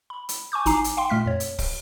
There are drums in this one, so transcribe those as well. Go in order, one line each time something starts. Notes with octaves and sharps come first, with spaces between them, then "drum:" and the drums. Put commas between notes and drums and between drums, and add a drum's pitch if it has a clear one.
B5
drum: hi-hat
G#5 C#6 D6 G6
G#1 D#4 G#5 A#5 D6 C7, drum: hi-hat
drum: hi-hat
F5 G5 C6
A#2 A3 F6 B6
F2 C#5
drum: hi-hat
drum: kick, open hi-hat